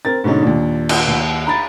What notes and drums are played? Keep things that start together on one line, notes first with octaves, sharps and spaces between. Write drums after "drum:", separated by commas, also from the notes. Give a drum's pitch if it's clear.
C4 A#4 A6
G#2 B2 D3 C#4 D#4
D#2 A#2 D4
drum: cymbal
D#2
A#5 B5 A6